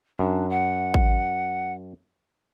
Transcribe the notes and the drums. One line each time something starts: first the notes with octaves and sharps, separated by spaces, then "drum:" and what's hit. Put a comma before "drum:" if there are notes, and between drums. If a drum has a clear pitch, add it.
F#2 D4
F#5
drum: kick A1